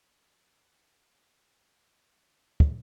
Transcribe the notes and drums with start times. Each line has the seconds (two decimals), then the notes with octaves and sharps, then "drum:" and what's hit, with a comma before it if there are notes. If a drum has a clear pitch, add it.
1.46 C6
2.60 drum: kick